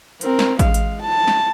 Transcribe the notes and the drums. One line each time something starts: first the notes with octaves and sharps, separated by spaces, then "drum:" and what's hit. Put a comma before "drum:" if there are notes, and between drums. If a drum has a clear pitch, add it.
C4 A#4, drum: hi-hat
drum: snare
G#3 F5, drum: kick A1, hi-hat
drum: hi-hat
A5
drum: snare